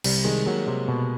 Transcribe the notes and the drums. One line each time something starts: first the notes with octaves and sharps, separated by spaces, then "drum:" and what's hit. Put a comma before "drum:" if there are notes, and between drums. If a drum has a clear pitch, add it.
C2 G3, drum: cymbal
D#3 G#3
F#3 A#3
C3
B2